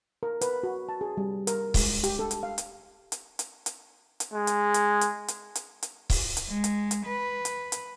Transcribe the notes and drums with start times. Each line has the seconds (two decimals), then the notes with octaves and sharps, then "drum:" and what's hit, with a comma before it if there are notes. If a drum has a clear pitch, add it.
0.23 A#4
0.41 B4, drum: hi-hat
0.63 F#4
0.89 A5
1.01 G#4
1.17 G3
1.47 A#4, drum: hi-hat
1.74 G#3, drum: kick C#1, open hi-hat
2.04 G4, drum: hi-hat
2.19 A4
2.31 drum: hi-hat
2.43 F5
2.58 drum: hi-hat
3.12 drum: hi-hat
3.39 drum: hi-hat
3.66 drum: hi-hat
4.20 drum: hi-hat
4.34 G#3
4.47 drum: hi-hat
4.74 drum: hi-hat
5.01 drum: hi-hat
5.28 drum: hi-hat
5.55 drum: hi-hat
5.83 drum: hi-hat
6.10 drum: kick C#1, open hi-hat
6.37 drum: hi-hat
6.48 G#3
6.64 drum: hi-hat
6.91 drum: hi-hat
7.06 B4
7.45 drum: hi-hat
7.72 drum: hi-hat